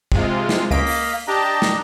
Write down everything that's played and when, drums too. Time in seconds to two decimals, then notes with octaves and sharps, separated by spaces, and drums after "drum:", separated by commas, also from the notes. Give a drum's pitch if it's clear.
0.12 C3 G#3 F4, drum: kick
0.49 drum: snare
0.71 C#2 A#3 D#5 F5 B6 D7
0.87 drum: open hi-hat
1.28 D4 G4 D#5 A5 A#5
1.62 drum: snare